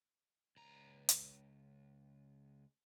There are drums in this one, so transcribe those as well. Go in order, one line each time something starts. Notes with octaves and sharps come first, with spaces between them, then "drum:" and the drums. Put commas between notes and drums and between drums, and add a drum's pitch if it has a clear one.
C#2 A#5
drum: hi-hat